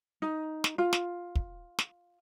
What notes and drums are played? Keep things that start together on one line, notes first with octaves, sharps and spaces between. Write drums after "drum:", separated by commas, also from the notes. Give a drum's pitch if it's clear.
D#4
drum: snare
F4
drum: snare
drum: kick
drum: snare